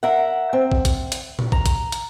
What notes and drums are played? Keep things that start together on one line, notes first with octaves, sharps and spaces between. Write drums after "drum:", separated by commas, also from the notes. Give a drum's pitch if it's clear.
A#4 E5 F#5
C4
drum: kick
drum: kick, hi-hat
drum: hi-hat
drum: tom A#2
A#5, drum: kick
drum: kick, hi-hat
drum: hi-hat